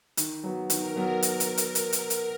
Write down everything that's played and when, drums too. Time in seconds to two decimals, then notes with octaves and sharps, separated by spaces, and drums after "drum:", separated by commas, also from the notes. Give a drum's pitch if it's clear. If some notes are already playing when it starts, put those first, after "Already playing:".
0.17 D#3, drum: hi-hat
0.44 F#3 B3
0.70 D#3 A#4, drum: hi-hat
0.96 F#3 B3
1.22 drum: hi-hat
1.40 drum: hi-hat
1.58 drum: hi-hat
1.75 drum: hi-hat
1.93 drum: hi-hat
2.10 drum: hi-hat